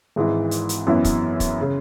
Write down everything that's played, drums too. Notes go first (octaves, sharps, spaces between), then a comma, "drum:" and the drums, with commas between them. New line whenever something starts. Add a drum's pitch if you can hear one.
G#1 G#2 E3
drum: hi-hat
drum: hi-hat
F#2 E3 B3 E4
drum: kick, hi-hat
drum: kick, hi-hat
C#3